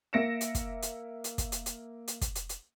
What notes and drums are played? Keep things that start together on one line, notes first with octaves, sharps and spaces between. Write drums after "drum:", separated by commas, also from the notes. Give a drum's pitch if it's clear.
A#3 E5 A#6 C#7 D7 E7
drum: hi-hat
drum: kick, hi-hat
drum: hi-hat
drum: hi-hat
drum: kick, hi-hat
drum: hi-hat
drum: hi-hat
drum: hi-hat
drum: kick, hi-hat
drum: hi-hat
drum: hi-hat